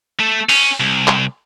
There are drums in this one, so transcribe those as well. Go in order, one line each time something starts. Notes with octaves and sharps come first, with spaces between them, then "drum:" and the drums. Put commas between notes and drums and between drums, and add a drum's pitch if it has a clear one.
A3 A4
C#4, drum: open hi-hat
C2
drum: clap